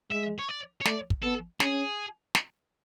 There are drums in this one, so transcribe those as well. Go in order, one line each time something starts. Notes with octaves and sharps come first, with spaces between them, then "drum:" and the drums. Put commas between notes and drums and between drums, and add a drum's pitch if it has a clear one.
G#3 E5
C#5
D5
C#5
A3 D5, drum: snare
drum: kick
B3 A4
C#4 G#4, drum: snare
drum: snare